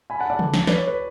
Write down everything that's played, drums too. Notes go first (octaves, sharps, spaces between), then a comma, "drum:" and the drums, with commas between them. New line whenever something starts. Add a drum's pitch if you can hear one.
G#5 B5
F#5 A5
D5 F#5
drum: tom C#3
drum: snare
B4 D5, drum: snare
C#5
B4